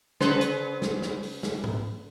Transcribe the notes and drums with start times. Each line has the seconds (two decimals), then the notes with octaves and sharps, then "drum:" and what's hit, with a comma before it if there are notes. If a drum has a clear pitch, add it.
0.20 C#3 B4 C5, drum: snare
0.41 drum: hi-hat
0.82 drum: snare
1.02 drum: snare
1.23 drum: open hi-hat
1.43 drum: snare
1.64 drum: tom G#2